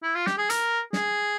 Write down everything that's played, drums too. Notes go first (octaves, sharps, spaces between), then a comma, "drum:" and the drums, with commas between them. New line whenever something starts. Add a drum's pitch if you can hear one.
E4
F4
G4, drum: snare
G#4
A#4, drum: hi-hat
G#4, drum: snare